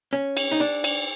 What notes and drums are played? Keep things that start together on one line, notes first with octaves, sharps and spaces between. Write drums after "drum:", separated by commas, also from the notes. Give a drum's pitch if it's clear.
C#4
drum: cymbal
D#4
D4
drum: cymbal